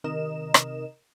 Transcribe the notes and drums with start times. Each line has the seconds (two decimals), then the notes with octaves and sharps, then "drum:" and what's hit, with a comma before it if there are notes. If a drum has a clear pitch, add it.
0.04 C3 D#3 A#4 D#5 E7
0.54 drum: rim click